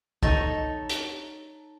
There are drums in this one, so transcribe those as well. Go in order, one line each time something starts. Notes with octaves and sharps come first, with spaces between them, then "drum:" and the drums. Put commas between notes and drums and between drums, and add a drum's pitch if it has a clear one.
D#4 A4 C#5, drum: kick
drum: hi-hat